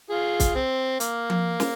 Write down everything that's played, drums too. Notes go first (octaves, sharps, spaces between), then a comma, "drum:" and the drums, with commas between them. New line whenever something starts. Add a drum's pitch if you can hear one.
F4 G#4
drum: kick, hi-hat
C4
A#3, drum: hi-hat
drum: tom F3
drum: snare